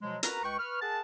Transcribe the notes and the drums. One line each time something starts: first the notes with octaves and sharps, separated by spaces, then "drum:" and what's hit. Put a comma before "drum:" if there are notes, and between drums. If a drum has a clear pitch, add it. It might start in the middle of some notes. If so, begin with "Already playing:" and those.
B2 F3 F#3 G#3
F#4 A#4 B4 A#5, drum: hi-hat
C#2 B4 G5 C#6
B4 C#6 F6
G#4 A#4 F#5 A5